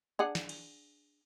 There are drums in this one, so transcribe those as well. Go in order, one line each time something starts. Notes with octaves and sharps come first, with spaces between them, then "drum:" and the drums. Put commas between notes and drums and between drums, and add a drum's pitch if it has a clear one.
D4 G#4 F#5
drum: snare
drum: cymbal